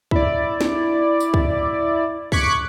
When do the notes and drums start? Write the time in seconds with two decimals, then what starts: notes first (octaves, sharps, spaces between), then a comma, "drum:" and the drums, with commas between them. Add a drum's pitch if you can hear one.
0.11 E4 D5, drum: kick
0.61 drum: snare
1.20 drum: tambourine
1.34 drum: kick
2.32 C#6 D6 F#6 G#6 B6 C#7, drum: kick